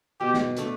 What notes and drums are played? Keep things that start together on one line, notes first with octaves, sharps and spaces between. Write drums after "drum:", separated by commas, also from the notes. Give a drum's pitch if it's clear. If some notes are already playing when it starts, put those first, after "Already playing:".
B2 G4
drum: snare
A3 D4 B4, drum: hi-hat